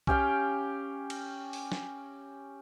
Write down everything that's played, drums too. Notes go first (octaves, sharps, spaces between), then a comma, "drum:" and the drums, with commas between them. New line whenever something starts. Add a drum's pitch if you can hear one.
C#4 G4 F5 G5, drum: kick B1
drum: cymbal
drum: open hi-hat
drum: snare